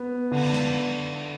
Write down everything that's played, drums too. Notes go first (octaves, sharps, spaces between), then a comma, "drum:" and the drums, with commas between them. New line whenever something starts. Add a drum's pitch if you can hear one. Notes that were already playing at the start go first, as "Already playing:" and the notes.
Already playing: B3
D3, drum: cymbal
drum: snare